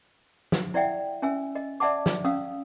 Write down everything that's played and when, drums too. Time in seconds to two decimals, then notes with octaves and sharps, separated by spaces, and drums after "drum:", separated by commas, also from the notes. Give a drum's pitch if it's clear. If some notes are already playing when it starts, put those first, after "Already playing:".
0.52 drum: snare
0.74 E4 D5 E5 F#5 G5
1.22 C#4 E5 G#5 E6
1.55 D#5
1.80 D5 E5 F#5 A5 D6
2.06 drum: snare
2.25 C#4 F5 D#6 E6